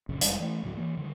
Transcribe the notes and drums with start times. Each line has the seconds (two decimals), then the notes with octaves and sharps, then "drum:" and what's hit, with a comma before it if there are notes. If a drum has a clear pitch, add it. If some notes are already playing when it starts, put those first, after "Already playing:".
0.09 A#1 F#2 C#3
0.21 F1 G3 G#3, drum: hi-hat
0.39 E3 A3
0.63 D2 A2 F#3
0.77 E3 A#3
0.97 D3 D#3 G3